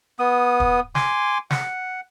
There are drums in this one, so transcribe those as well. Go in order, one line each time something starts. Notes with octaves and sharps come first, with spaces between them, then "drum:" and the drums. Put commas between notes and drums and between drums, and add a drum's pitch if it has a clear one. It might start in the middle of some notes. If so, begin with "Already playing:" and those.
B3 D#6
drum: kick
G#5 C6 D6, drum: snare
F#5, drum: snare